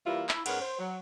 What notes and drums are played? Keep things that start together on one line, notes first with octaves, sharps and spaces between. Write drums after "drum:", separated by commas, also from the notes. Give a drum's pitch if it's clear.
E3 G3 A#3 E4 F4
E4, drum: clap
G#2 B3 C#4 A#4 F#5, drum: cymbal
C5
F#3